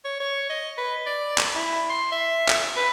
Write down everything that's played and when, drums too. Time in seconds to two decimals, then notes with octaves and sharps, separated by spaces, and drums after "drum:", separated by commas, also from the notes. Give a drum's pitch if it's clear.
0.05 C#5
0.20 C#5
0.49 D#5
0.78 B4
1.06 D5
1.38 drum: clap
1.55 E4
1.90 C6
2.12 E5
2.48 drum: clap
2.76 B4